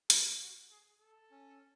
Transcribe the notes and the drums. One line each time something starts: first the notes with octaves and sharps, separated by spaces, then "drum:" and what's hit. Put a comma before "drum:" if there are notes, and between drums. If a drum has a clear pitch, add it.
G#4, drum: hi-hat
F#4
G#4
A4
C#4